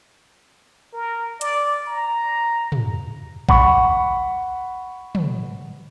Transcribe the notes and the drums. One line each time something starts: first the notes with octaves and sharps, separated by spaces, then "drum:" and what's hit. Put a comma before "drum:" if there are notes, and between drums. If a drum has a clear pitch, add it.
A#4
D5, drum: hi-hat
A#5
drum: tom
F#5 B5 C#6, drum: kick A#1
drum: tom